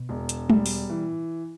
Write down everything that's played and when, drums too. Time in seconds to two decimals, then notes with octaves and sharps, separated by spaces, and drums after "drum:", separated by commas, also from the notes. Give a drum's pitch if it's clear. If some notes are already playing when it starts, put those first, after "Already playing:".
Already playing: B2
0.09 E1
0.29 drum: hi-hat
0.50 G3, drum: tom
0.66 drum: open hi-hat
0.90 E3